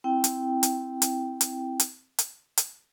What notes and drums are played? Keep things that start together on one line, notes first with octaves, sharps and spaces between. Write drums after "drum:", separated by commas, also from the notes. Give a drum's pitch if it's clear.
C4 E4 G5
drum: hi-hat
drum: hi-hat
drum: hi-hat
drum: hi-hat
drum: hi-hat
drum: hi-hat
drum: hi-hat